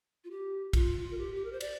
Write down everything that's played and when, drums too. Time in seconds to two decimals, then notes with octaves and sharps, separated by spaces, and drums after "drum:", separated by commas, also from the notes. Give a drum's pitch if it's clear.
0.24 F4
0.31 G4
0.73 F4, drum: kick, cymbal
1.11 A#4
1.18 G4
1.35 G4
1.44 A#4
1.52 C5
1.61 D5, drum: cymbal